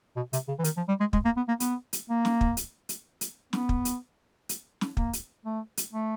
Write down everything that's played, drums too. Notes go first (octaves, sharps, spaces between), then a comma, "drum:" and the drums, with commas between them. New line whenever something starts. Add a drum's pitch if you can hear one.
B2
C3, drum: hi-hat
C#3
E3
D#3, drum: hi-hat
F3
G3
G#3
G#3, drum: kick
A#3
B3
A#3
B3, drum: hi-hat
drum: hi-hat
A#3
drum: snare
drum: kick
drum: hi-hat
drum: hi-hat
drum: hi-hat
B3, drum: snare
drum: kick
drum: hi-hat
drum: hi-hat
drum: snare
A#3, drum: kick
drum: hi-hat
A3
drum: hi-hat
A3